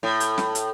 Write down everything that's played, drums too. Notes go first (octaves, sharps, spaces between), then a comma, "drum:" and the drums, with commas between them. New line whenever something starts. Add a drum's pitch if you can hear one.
A2
drum: hi-hat
drum: snare
drum: hi-hat